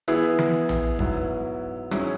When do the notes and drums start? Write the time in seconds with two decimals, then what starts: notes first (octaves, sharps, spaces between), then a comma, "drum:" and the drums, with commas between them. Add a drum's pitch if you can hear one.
0.08 E3 B3 E4 G#4, drum: rim click
0.39 drum: tom E3
0.69 drum: tom A#1
0.99 G#2 F#3 B3 E4, drum: kick
1.91 G#2 F#3 C#4 E4 G#4, drum: rim click